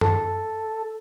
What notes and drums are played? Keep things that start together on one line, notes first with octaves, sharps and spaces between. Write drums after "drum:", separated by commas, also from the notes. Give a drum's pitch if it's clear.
A4, drum: tom F#2